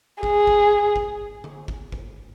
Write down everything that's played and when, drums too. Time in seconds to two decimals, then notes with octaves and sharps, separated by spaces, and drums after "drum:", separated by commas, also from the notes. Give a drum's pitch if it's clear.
0.23 G#4, drum: kick
0.47 drum: kick
0.96 drum: kick
1.44 drum: tom D3
1.68 drum: kick
1.92 drum: kick